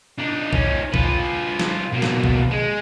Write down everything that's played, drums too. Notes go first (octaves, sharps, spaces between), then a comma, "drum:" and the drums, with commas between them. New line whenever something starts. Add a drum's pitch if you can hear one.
D4 D#4
C#4 D#4, drum: kick A#1
F4 B4, drum: kick A#1
drum: snare
B2 A#3
drum: snare
drum: kick A#1
G#3